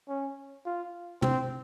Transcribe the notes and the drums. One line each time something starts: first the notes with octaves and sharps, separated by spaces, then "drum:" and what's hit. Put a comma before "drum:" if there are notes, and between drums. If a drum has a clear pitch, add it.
C#4
F4
C4, drum: tom